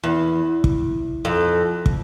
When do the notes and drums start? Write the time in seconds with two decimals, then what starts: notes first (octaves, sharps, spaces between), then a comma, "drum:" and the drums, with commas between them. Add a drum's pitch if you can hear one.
0.04 E2
0.64 drum: kick
1.25 F2
1.86 drum: kick